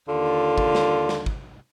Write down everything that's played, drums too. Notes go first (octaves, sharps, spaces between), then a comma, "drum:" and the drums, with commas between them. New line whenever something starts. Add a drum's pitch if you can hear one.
D#2 D3 F4
drum: kick
drum: snare
drum: snare
drum: kick